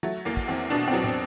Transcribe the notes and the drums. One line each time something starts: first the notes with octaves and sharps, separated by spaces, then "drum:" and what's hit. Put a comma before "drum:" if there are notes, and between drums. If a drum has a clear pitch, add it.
F#3 A3, drum: tom
E2 A#3
drum: kick
E2 C4
B2 D4
C4
F#3
C4, drum: tom